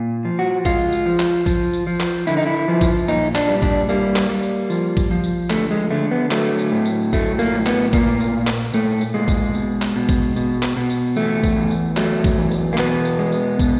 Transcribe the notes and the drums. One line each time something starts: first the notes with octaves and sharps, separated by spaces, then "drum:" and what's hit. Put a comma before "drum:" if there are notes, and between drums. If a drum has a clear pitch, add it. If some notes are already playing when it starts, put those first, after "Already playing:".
Already playing: A#2
F3
F#4
G#3 F4, drum: kick, tambourine
drum: tambourine
F3
drum: clap
F3, drum: kick, tambourine
drum: tambourine
F3
drum: clap
D3 E4, drum: tambourine
D#4
E4
F3
drum: kick, tambourine
A#2 D#4, drum: tambourine
D4, drum: clap
G3
D4, drum: kick, tambourine
G3 A#3, drum: tambourine
drum: clap
G3
drum: tambourine
F3, drum: tambourine
drum: kick, tambourine
F3
drum: tambourine
D3 A3, drum: clap
G#3
D3 A3
B3
F#3 A3, drum: clap
drum: tambourine
A2
drum: tambourine
F#3 A3, drum: kick, tambourine
A#3, drum: tambourine
A2
B3, drum: clap
A#2 A#3, drum: kick, tambourine
drum: tambourine
A#2
drum: clap
A#2 A3, drum: tambourine
drum: tambourine
A#2 G#3
drum: kick, tambourine
B2, drum: tambourine
drum: clap
B2
drum: kick, tambourine
B2, drum: tambourine
drum: clap
B2
drum: tambourine
E2 A3, drum: tambourine
drum: kick, tambourine
E2
drum: tambourine
F#3 A3, drum: clap
drum: kick, tambourine
E2
drum: tambourine
A#3
B2 B3, drum: clap
drum: tambourine
G#3
drum: tambourine
B2, drum: kick, tambourine